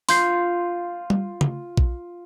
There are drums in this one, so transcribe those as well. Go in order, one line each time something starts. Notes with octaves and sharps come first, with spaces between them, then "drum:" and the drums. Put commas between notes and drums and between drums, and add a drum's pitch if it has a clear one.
F4 C6 G6 C7, drum: open hi-hat
drum: tom G3
drum: tom
drum: kick